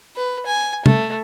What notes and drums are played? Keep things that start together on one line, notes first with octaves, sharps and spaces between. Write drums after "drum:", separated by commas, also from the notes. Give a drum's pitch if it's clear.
B4
G#5
A3, drum: tom C3